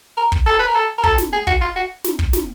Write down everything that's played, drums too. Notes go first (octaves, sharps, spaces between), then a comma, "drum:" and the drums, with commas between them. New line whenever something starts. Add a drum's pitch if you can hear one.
A#4
drum: kick
A4
B4
A#4
A4
A#4
A4, drum: kick
drum: snare
G#4
F#4, drum: kick
F4
F#4
drum: snare
drum: kick
drum: snare